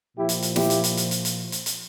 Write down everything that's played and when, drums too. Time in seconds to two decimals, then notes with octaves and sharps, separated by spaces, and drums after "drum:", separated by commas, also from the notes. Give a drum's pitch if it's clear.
0.15 A#2 F3 E4 G4
0.29 drum: hi-hat
0.42 drum: hi-hat
0.56 E4 G4, drum: snare
0.70 drum: hi-hat
0.84 drum: hi-hat
0.97 drum: hi-hat
1.11 drum: hi-hat
1.25 drum: hi-hat
1.52 drum: hi-hat
1.66 drum: hi-hat